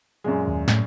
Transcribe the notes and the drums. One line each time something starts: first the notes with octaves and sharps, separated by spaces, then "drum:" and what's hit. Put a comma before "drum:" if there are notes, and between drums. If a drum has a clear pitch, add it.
F#2 A#2 G#3
D#2
A2, drum: snare